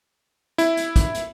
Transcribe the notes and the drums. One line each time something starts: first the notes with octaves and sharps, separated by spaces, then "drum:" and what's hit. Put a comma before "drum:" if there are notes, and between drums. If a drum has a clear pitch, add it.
E4, drum: hi-hat
drum: hi-hat
drum: kick, hi-hat
drum: hi-hat